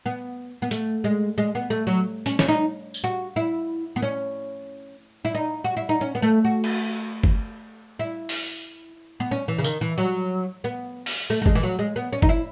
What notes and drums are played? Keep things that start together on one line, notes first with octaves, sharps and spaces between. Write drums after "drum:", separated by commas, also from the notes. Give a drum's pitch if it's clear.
B3
B3
A3, drum: hi-hat
G#3
G#3
B3
A3
F#3
C#4, drum: hi-hat
C#4, drum: snare
D#4
drum: tambourine
F#4
E4
B3
C#4
E4
D#4
F#4
E4
D#4
C#4
B3
A3
F#4
drum: cymbal
drum: kick G1
E4
drum: open hi-hat
B3
C#4
E3
C#3
D#3, drum: tambourine
E3
F#3
B3
drum: open hi-hat
A3
A3
G#3, drum: kick G1
E3
F#3
G#3
B3
C#4
D#4, drum: kick G1
E4